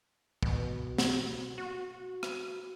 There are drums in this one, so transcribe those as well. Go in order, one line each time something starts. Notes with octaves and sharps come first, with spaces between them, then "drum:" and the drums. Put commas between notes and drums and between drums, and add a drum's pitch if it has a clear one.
B2, drum: kick
drum: snare
F#4
drum: rim click